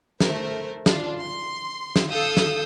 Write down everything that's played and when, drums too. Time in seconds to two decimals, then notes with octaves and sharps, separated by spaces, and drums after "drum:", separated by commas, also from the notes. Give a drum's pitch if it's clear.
0.20 A3 A#4 C5, drum: snare
0.86 D4 F4, drum: snare
1.20 C6
1.96 drum: snare
2.11 A4 F5 D#6 E6 G6
2.37 drum: snare